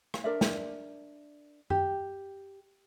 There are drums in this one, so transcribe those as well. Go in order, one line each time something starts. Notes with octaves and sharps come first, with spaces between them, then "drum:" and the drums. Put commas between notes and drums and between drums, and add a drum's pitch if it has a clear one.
drum: rim click
D4 A#4 D5 E5
drum: snare
G4, drum: tom F#2